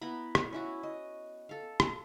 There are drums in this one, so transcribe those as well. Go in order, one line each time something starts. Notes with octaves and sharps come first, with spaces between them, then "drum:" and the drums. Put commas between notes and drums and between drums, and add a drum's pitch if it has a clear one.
B3 E4 A#5 B5
drum: rim click
C#4 E4 F#4
D#5
A4 F5
drum: rim click